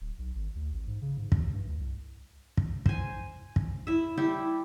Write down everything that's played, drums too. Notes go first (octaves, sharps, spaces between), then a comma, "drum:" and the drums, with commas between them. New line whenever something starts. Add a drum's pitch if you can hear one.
D1
B1
G#1
D2
A1
G#2
C#3
G#2
D#2, drum: kick
G2
D2
C2
drum: kick
C5 G#5, drum: kick
drum: kick
E4 E5
G3 E4 G4